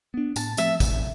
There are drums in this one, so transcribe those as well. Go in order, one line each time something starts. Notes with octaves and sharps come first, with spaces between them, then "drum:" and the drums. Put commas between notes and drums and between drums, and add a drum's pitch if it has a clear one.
B3 D4
A2 A5, drum: tambourine
F3 A3 C4 E5, drum: tambourine
A2, drum: kick, tambourine